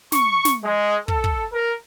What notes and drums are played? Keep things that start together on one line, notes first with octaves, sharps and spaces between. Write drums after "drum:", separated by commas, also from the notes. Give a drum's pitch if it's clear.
C#6, drum: snare
drum: snare
G#3
A4, drum: kick
drum: kick
A#4